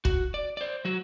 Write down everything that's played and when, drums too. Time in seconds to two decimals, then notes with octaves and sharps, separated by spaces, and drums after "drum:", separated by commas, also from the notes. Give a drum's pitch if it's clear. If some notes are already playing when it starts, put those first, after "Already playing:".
0.05 F#4, drum: kick
0.34 D5
0.57 C5 D5
0.85 F#3 F#4